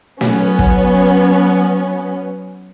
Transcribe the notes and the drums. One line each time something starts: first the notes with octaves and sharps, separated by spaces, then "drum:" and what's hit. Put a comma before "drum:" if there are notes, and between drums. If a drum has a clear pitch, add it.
F#3 B3 C#4, drum: snare
drum: kick